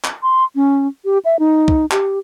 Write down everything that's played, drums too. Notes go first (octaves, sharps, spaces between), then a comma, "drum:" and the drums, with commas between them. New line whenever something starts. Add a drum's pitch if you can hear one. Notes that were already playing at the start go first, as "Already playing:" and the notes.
drum: clap
C6
C#4
G4
E5
D#4
drum: kick
G4, drum: clap